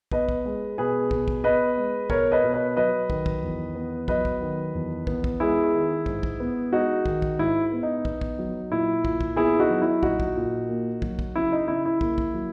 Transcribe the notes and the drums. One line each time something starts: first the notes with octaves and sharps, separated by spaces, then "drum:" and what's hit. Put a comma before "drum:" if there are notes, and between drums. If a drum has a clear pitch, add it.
B3 B4 D#5, drum: kick
drum: kick
G#3
B2 G#4 B4
B2, drum: kick
drum: kick
B3 B4 D#5
G#3
B2 A#4 C#5, drum: kick
B4 D#5
B2
B4 D#5
F#3 B4 D#5
D#3, drum: kick
drum: kick
E2
B3
F#3 B4 D#5, drum: kick
drum: kick
D#3
E2
B3, drum: kick
drum: kick
G#3 E4 G#4
D#3
G#2, drum: kick
drum: kick
B3
G#3 D#4 F#4
D#3, drum: kick
drum: kick
G#2 E4
B3
D#4
B3, drum: kick
drum: kick
F#3
A#2 E4
A#2, drum: kick
drum: kick
B3 E4 G#4
D#4 F#4
F#3
E4
A#2 D#4 F#4, drum: kick
drum: kick
A#2
A#3
F#3, drum: kick
drum: kick
C#3 E4
D#4
C#3 E4
E4
A#3, drum: kick
drum: kick
F#3